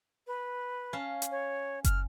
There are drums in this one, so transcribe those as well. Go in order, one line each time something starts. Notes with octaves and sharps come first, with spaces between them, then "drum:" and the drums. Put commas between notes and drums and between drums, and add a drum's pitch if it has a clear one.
B4
C#4 F5 A5
drum: hi-hat
C#5
F6, drum: kick F#1, hi-hat